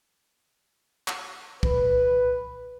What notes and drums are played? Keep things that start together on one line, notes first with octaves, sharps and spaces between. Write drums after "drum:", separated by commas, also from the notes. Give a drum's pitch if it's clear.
drum: clap
B4, drum: kick C2